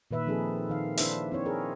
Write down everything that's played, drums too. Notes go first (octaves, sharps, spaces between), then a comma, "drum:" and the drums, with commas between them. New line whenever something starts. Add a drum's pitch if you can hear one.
A#2 D#3 B4 E5
F3 C4 D#4 G#4 A4
D#3 F5
D4 E4 B4 C5 E5, drum: open hi-hat
C4 E4 C#5
G#4 A#4